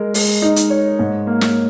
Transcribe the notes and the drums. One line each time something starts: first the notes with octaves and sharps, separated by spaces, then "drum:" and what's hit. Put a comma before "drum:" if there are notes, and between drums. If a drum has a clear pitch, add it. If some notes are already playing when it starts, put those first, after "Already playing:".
Already playing: G#3 A#4
G#3, drum: open hi-hat
D#4
drum: hi-hat
C#5
G#2
A#3
drum: snare